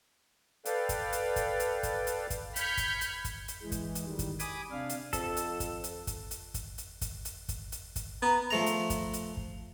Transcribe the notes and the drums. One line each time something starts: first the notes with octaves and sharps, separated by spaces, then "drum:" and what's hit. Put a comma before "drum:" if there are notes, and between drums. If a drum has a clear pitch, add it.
A4 B4 D5 F5 G5, drum: hi-hat
drum: kick, hi-hat
drum: hi-hat
drum: kick, hi-hat
drum: hi-hat
drum: kick, hi-hat
drum: hi-hat
drum: kick, hi-hat
B5 F6 G6 G#6 B6 C#7, drum: hi-hat
drum: kick, hi-hat
drum: hi-hat
drum: kick, hi-hat
drum: hi-hat
E3 G#3
drum: kick, hi-hat
drum: hi-hat
D#3 G3
drum: kick, hi-hat
G#5 B5 D6 D#6, drum: hi-hat
C3 D4 F5
drum: hi-hat
F2 A4, drum: kick, hi-hat
drum: hi-hat
drum: kick, hi-hat
drum: hi-hat
drum: kick, hi-hat
drum: hi-hat
drum: kick, hi-hat
drum: hi-hat
drum: kick, hi-hat
drum: hi-hat
drum: kick, hi-hat
drum: hi-hat
drum: kick, hi-hat
B3 A#5
F3 A3 A#5
drum: hi-hat
drum: kick, hi-hat
drum: hi-hat
drum: kick